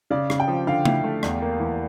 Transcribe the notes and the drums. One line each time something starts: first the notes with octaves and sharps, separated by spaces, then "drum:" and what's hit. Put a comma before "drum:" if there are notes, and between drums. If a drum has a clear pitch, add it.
C#3 D5
C#3, drum: rim click
G5
F3
D3 F5
E4, drum: tom
A3
E2, drum: rim click
A#3
E3